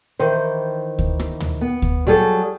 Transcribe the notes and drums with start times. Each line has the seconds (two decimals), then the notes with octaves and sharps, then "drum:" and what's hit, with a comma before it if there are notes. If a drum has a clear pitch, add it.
0.19 D#3 E3 C5
0.99 drum: kick D2
1.19 drum: rim click
1.40 drum: tom
1.61 B3
1.82 drum: kick D2
2.07 F#3 G3 G#4 A4